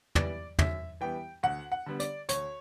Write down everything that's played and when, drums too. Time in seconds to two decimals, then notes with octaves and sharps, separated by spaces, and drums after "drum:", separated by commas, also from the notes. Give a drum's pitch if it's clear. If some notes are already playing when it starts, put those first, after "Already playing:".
0.15 E3 G3 B3 D5, drum: tom
0.59 F#2 E5, drum: tom
1.01 E3 G3 B3 G5
1.43 D2 F#5
1.72 F#5
1.86 D3 G3 B3
2.00 D5, drum: hi-hat
2.29 D2 C#5, drum: hi-hat